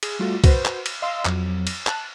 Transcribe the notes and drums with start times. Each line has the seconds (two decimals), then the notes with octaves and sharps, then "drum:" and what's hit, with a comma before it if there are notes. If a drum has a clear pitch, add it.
0.03 G#4, drum: cymbal
0.19 G3 A3 F4 F#4
0.44 F#4 B4 C5, drum: kick, cymbal
0.65 drum: clap
0.86 drum: cymbal
1.02 D#5 F5 C6 E6
1.25 F2 F#3, drum: clap
1.67 drum: cymbal
1.87 A5 F#6, drum: clap